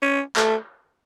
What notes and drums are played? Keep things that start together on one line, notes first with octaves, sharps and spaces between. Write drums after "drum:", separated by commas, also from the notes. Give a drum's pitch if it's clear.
C#4
A3, drum: clap